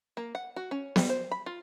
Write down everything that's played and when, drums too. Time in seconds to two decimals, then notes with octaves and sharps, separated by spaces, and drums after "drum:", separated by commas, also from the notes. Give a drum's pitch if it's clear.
0.17 A#3
0.35 F#5
0.56 F#4
0.71 C#4
0.96 G3, drum: snare B3
1.09 C5
1.31 B5
1.46 F4